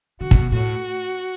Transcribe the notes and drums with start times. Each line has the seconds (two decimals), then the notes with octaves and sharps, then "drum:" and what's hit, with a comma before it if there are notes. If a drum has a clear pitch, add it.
0.21 D3 F#4
0.31 C#3, drum: kick
0.41 B2
0.52 A2 F#4